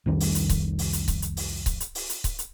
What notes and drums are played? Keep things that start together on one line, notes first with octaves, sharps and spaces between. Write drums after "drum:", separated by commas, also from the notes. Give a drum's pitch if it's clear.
C2 F2 D#3 G3
drum: open hi-hat
drum: hi-hat
drum: kick C#1, hi-hat
drum: open hi-hat
drum: hi-hat
drum: kick C#1, hi-hat
drum: hi-hat
drum: open hi-hat
drum: kick C#1, hi-hat
drum: hi-hat
drum: open hi-hat
drum: hi-hat
drum: kick C#1, hi-hat
drum: hi-hat